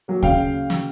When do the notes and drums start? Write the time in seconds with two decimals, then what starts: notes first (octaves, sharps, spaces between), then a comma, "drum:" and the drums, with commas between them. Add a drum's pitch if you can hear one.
0.08 F#3 A#3
0.23 C#3 F5 G5, drum: kick
0.70 drum: snare